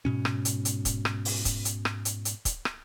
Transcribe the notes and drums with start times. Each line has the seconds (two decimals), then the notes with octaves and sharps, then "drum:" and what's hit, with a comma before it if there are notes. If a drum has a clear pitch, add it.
0.05 G#2 B2 C#4
0.25 drum: rim click
0.45 drum: hi-hat
0.65 drum: hi-hat
0.85 drum: kick, hi-hat
1.05 drum: rim click
1.25 drum: open hi-hat
1.45 drum: kick, hi-hat
1.65 drum: hi-hat
1.85 drum: rim click
2.05 drum: hi-hat
2.25 drum: hi-hat
2.45 drum: kick, hi-hat
2.65 drum: rim click